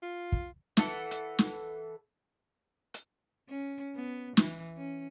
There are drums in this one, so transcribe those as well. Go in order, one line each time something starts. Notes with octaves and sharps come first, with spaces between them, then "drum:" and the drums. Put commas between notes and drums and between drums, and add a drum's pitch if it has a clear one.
F4
drum: kick
E3 A4 F#5, drum: snare
drum: hi-hat
drum: snare
drum: hi-hat
C#4
B3
E3, drum: snare
C#4